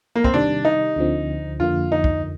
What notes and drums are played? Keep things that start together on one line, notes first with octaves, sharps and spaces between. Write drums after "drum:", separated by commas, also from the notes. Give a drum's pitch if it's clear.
A#3
C4, drum: kick
C3 D#3 G3 D4
D#4
D2 D3 F3 C4
F2 D3 F3 A#3 F4
D#4
drum: kick